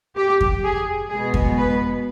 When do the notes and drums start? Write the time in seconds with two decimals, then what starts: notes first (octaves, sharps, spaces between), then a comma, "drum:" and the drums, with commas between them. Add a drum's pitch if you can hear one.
0.17 G4
0.41 drum: kick F2
0.64 G#4
1.10 B2 G#3 B3 G#4
1.34 drum: kick F2
1.57 B4